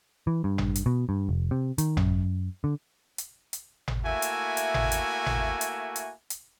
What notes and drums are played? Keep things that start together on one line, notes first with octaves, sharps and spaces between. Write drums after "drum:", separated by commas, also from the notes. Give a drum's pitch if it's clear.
E3
G2
drum: tom G#1
drum: hi-hat
B2
G2
F1
C3
D#3, drum: hi-hat
F#2, drum: tom G#1
D3
drum: hi-hat
drum: hi-hat
drum: tom G#1
A3 A#3 E4 F#4 E5 G#5
drum: hi-hat
drum: hi-hat
drum: tom G#1
drum: hi-hat
drum: tom G#1
drum: hi-hat
drum: hi-hat
drum: hi-hat